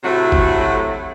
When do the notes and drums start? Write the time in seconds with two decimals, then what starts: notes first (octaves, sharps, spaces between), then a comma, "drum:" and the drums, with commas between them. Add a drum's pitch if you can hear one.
0.04 A2 C3 F#3 A3 F#4 C5
0.32 drum: kick G1